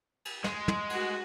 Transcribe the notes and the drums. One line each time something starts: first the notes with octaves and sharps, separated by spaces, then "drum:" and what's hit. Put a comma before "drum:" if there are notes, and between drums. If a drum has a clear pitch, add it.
drum: cymbal
G#3, drum: snare
drum: tom
F#4 F#5, drum: cymbal